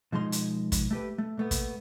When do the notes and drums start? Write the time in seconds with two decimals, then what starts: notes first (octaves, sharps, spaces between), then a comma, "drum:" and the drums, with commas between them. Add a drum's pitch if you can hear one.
0.12 B2 F3 G#3 D#4 C6
0.32 drum: hi-hat
0.72 drum: kick, hi-hat
0.91 A3 G4 B4
1.18 A3
1.37 A#2 A3 B3
1.51 drum: kick, hi-hat